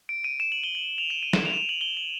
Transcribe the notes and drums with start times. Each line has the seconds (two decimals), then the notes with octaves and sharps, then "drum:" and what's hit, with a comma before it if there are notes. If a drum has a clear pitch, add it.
0.09 D7
0.24 D#7
0.40 E7
0.52 F#7
0.64 G7
0.75 F#7
0.98 F7
1.10 E7
1.23 D#7
1.33 E7, drum: snare
1.46 F7
1.54 E7
1.57 F7
1.69 F#7
1.81 G7
1.97 F#7